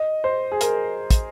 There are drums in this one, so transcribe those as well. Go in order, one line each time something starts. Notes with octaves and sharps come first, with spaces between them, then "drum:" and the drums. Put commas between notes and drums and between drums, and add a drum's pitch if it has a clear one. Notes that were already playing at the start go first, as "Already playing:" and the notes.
Already playing: D#5
C5
G#4
A#4, drum: hi-hat
drum: kick, hi-hat